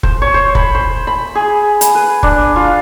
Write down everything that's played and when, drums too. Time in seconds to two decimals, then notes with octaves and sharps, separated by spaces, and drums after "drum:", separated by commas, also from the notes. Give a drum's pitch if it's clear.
0.03 C5, drum: kick
0.22 C#5
0.34 C5
0.55 B5, drum: kick
0.75 C5
1.07 B5
1.35 G#4
1.81 B5, drum: hi-hat
1.95 B4
2.23 D4, drum: kick
2.56 F4